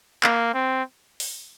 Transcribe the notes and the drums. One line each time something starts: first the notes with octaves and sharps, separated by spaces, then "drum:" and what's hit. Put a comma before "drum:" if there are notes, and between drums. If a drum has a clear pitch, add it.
A#3, drum: clap
C4
drum: open hi-hat